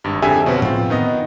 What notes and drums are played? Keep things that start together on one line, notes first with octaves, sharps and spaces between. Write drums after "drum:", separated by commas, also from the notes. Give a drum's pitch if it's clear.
G#1 G2
F2 D3 G4 G#4 E5 G#5
B2 C4 C#4 F#4 B4
C4 F4, drum: tom A2
D#3 B3 D#5